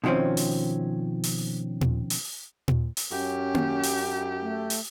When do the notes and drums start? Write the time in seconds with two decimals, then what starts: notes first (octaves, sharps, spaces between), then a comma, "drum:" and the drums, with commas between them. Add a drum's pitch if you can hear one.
0.04 B2 D#3 F3 C4 C#4
0.37 drum: open hi-hat
1.24 drum: open hi-hat
1.81 drum: tom A#2
2.10 drum: open hi-hat
2.68 drum: tom A#2
2.97 drum: open hi-hat
3.11 F#2 C#4 G4
3.54 drum: tom A#3
3.83 drum: open hi-hat
4.41 A3
4.70 drum: open hi-hat